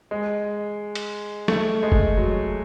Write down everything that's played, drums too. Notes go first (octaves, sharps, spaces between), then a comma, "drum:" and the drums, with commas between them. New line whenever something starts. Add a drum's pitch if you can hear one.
G#3
drum: hi-hat
A3, drum: snare
G#3
drum: kick
F#3